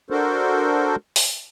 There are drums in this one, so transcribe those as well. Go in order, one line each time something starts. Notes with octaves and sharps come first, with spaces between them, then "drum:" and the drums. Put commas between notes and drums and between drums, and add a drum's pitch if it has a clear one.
D4 F#4 A4 A#4 C5
drum: open hi-hat